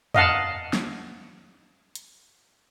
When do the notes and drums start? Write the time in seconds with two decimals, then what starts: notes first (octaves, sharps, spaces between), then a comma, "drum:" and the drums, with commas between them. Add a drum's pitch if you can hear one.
0.15 D#5 F5 F#5 A5, drum: tom E2
0.73 drum: snare
1.95 drum: hi-hat